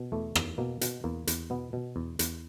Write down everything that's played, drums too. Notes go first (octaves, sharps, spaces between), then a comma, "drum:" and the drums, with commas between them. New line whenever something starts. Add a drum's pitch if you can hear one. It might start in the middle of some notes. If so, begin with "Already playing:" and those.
Already playing: B2
E2 A3
E2, drum: rim click
B2 A#3
B2, drum: hi-hat
E2 A#3
E2, drum: hi-hat
B2 B3
B2
E2
E2, drum: hi-hat